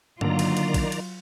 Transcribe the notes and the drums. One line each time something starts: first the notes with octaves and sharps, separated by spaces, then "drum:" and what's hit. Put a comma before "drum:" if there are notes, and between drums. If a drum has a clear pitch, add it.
D3 D#3 F#3 A#3 F4 D5 A#5, drum: tom G2
drum: cymbal
drum: cymbal
drum: kick, cymbal
drum: cymbal